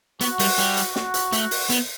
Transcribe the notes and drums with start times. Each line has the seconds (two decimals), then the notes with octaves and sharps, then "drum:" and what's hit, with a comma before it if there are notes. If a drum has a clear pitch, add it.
0.21 B3 F#4, drum: hi-hat
0.39 G3, drum: open hi-hat
0.58 G3, drum: hi-hat
0.76 drum: hi-hat
0.96 F#4, drum: snare
1.14 drum: hi-hat
1.32 A3, drum: hi-hat
1.51 drum: open hi-hat
1.69 B3, drum: hi-hat